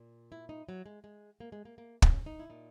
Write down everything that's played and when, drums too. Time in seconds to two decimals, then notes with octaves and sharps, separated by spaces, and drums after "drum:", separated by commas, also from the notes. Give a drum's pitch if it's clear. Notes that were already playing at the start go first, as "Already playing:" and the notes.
Already playing: A#2
0.32 E4
0.49 D#4
0.69 F#3
0.86 G#3
1.04 G#3
1.40 A#3
1.52 G#3
1.65 A#3
1.78 A#3
2.02 C#4, drum: kick
2.26 D#4
2.40 E4
2.50 A#2 D#4